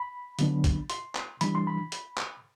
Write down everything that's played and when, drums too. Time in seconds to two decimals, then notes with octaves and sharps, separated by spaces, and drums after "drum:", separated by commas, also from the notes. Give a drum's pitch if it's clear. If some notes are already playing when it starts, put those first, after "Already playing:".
Already playing: B5
0.39 D3 F#3 B3 D4, drum: hi-hat
0.64 drum: kick B1, hi-hat
0.90 C6, drum: hi-hat
1.15 drum: clap
1.41 E3 G3 D4 B5, drum: hi-hat
1.55 C6
1.67 B5
1.92 drum: hi-hat
2.18 drum: clap